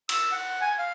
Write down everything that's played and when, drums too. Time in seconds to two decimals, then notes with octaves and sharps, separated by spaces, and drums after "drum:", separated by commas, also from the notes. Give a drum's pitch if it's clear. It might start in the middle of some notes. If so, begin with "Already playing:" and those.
0.09 E6, drum: cymbal
0.32 F#5
0.61 G#5
0.79 F5